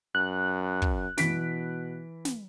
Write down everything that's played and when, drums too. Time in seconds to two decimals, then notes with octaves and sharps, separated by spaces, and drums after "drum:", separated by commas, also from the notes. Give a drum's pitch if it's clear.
0.15 F#2 F#6
0.82 drum: kick
1.18 B2 E3 B6 D7, drum: snare
2.25 drum: snare